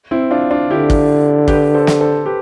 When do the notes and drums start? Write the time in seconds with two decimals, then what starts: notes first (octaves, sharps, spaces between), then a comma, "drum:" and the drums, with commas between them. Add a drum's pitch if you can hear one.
0.11 C4 E4
0.31 D4 F4
0.51 D4 F4
0.70 D3 E4 G4
0.90 drum: kick
1.48 G4 B4, drum: kick
1.74 A4 C5
1.87 drum: snare
2.00 A4 C5
2.26 G4 B4